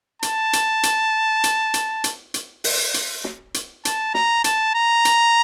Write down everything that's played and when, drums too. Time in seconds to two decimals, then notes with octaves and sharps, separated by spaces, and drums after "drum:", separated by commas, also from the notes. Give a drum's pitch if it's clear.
0.23 A5, drum: hi-hat
0.53 drum: hi-hat
0.83 drum: hi-hat
1.44 drum: hi-hat
1.74 drum: hi-hat
2.04 drum: hi-hat
2.34 drum: hi-hat
2.64 drum: open hi-hat
2.94 drum: hi-hat
3.24 drum: snare
3.54 drum: hi-hat
3.85 A5, drum: hi-hat
4.14 A#5, drum: snare
4.44 A5, drum: hi-hat
4.75 A#5
5.05 drum: hi-hat